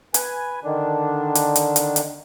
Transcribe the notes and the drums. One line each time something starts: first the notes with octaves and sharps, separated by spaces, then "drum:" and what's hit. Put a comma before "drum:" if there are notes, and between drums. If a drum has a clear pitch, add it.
B4 G#5, drum: hi-hat
D3 D#3 D4
drum: hi-hat
drum: hi-hat
drum: hi-hat
drum: hi-hat